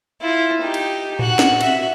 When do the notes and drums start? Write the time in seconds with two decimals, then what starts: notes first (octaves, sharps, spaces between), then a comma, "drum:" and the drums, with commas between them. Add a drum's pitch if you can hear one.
0.21 E4 F4
0.61 D#4 G4
0.74 drum: cymbal
1.19 F#4 F#5, drum: tom A2
1.39 drum: snare
1.61 F#4 E5, drum: cymbal